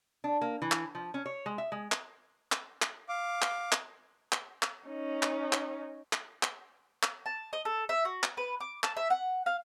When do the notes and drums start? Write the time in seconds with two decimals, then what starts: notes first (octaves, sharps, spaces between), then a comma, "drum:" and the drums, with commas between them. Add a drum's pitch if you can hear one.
0.24 D4
0.41 A#3
0.62 E3
0.72 drum: clap
0.95 F3
1.14 C#4
1.26 C#5
1.46 G#3
1.58 E5
1.72 G#3
1.92 drum: clap
2.52 drum: clap
2.82 drum: clap
3.09 F5 D6
3.42 drum: clap
3.72 drum: clap
4.32 drum: clap
4.62 drum: clap
4.88 C#4 D#4
5.23 drum: clap
5.53 drum: clap
6.13 drum: clap
6.43 drum: clap
7.03 drum: clap
7.26 A5
7.53 D#5
7.65 A4
7.89 E5
8.05 F#4
8.23 drum: clap
8.37 B4
8.60 D6
8.83 A5, drum: clap
8.97 E5
9.10 F#5
9.46 F5